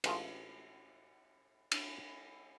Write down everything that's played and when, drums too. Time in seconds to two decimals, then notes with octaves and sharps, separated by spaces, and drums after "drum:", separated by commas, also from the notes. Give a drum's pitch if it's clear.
0.04 A1 G#3 A3 F4, drum: cymbal
1.72 drum: cymbal